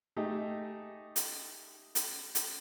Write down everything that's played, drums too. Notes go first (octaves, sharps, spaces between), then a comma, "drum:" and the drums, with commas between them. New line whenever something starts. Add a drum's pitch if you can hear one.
A3 D#4 G4 G#4
drum: hi-hat
drum: hi-hat
drum: hi-hat